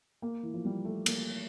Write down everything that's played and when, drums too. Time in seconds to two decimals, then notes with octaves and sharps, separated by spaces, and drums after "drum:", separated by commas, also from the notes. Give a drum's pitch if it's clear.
0.22 A#3
0.43 E3
0.54 F3
0.65 G3
0.85 A3
1.06 A#3, drum: cymbal